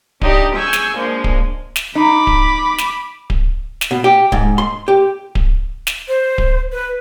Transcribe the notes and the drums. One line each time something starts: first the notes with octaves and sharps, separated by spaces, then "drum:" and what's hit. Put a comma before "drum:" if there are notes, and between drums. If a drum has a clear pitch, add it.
D4 D#4 G4 D5 D#5, drum: kick D1
G#4 G#5 C#6 E6 G6
drum: snare
F3 G#3 A#3 D4
drum: kick D1
drum: snare
D#4 B5 D6
drum: kick D1
drum: snare
drum: kick D1
drum: snare
B2
G4
G#2, drum: kick D1
C6
G4
drum: kick D1
drum: snare
C5
drum: kick D1
B4